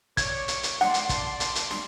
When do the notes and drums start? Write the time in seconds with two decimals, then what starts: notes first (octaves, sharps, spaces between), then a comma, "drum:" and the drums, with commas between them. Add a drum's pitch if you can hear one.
0.17 C#5 D5 G#6, drum: kick, hi-hat
0.48 drum: hi-hat
0.63 drum: hi-hat
0.81 D5 F#5 A5 C6, drum: snare
0.94 drum: hi-hat
1.09 drum: kick, hi-hat
1.40 drum: hi-hat
1.55 drum: hi-hat
1.71 drum: snare